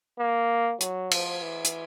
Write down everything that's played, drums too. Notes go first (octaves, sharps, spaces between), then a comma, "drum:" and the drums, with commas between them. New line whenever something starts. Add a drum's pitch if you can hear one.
A#3
F#3, drum: hi-hat
F3, drum: cymbal
E3
drum: hi-hat